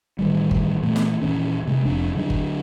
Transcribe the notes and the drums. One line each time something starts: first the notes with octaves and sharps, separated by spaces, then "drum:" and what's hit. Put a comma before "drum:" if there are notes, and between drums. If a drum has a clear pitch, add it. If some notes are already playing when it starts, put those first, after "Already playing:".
A1 D#3 G3
drum: kick G1
A#2 E3 A3
drum: snare
D#1 A#2 E3 C#4
C3 G#3
F1 F2 D4
D3 F#3 D4
drum: kick G1